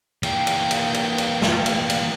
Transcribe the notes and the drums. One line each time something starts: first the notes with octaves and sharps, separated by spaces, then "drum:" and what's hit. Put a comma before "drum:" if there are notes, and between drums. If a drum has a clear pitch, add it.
E3 A#3 G5, drum: cymbal
drum: cymbal
drum: cymbal
drum: cymbal
drum: cymbal
drum: snare
drum: cymbal
drum: cymbal